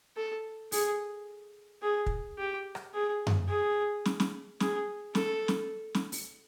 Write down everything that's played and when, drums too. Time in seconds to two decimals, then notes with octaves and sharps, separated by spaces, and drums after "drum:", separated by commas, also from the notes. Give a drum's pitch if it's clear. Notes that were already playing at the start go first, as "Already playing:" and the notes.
0.16 A4
0.72 G#4, drum: open hi-hat
1.82 G#4
2.06 drum: kick
2.38 G4
2.75 drum: rim click
2.94 G#4
3.27 drum: tom F#2
3.48 G#4
4.05 drum: snare
4.20 drum: snare
4.60 G#4, drum: snare
5.15 A4, drum: snare
5.48 drum: snare
5.95 drum: snare
6.12 drum: open hi-hat